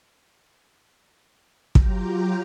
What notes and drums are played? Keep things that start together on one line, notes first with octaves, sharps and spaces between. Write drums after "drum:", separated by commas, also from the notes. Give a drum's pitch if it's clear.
F#3 F4 G4 G5 A#5, drum: kick